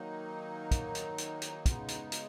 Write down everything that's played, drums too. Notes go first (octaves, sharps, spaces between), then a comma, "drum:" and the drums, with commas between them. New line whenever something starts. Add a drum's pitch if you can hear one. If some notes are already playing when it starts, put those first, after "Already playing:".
Already playing: D#3 F#3 A#3 D#4
drum: kick, hi-hat
drum: hi-hat
drum: hi-hat
drum: hi-hat
C#3 G#3 B3 D#4, drum: kick, hi-hat
drum: hi-hat
drum: hi-hat